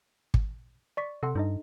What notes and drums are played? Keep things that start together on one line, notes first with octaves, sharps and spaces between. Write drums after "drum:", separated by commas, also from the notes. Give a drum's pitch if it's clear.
drum: kick
D5 C#6 B6
C3 A4 F#5 C6
G2 D4 D#4 D#5